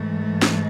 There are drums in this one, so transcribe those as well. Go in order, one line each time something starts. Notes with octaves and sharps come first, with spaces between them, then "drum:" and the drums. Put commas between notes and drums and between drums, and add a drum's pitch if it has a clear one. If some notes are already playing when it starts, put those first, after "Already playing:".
Already playing: G#2 E3 A3
drum: snare